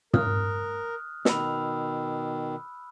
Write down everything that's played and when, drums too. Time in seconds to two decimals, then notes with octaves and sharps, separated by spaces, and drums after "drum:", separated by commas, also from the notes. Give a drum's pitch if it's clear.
0.14 A#4 D#6 F6 F#6, drum: tom
1.25 B2 D#3 B5 E6, drum: snare